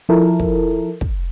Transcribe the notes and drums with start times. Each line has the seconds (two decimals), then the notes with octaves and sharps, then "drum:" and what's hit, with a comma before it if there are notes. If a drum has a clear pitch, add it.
0.09 F3 E4 A4 A#4
0.40 drum: kick
1.01 drum: kick